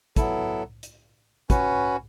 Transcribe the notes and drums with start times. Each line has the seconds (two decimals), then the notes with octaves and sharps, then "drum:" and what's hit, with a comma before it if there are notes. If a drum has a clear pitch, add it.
0.16 F#3 B3 E4 A4, drum: kick, hi-hat
0.83 drum: hi-hat
1.50 C#4 F#4 B4, drum: kick, hi-hat